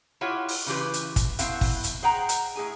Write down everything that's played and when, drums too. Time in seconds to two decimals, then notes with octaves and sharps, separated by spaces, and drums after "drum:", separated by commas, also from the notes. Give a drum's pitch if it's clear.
0.21 E4 F4 G4 C#5 F#5
0.48 drum: open hi-hat
0.66 C#3 E3 F4 G4 B4
0.94 drum: hi-hat
1.16 drum: kick, hi-hat
1.39 B2 C4 E4 F5 F#5, drum: hi-hat
1.61 drum: kick, open hi-hat
1.84 drum: hi-hat
2.03 G#4 C5 F#5 G5 A#5
2.29 drum: hi-hat
2.55 A2 G#4 G#5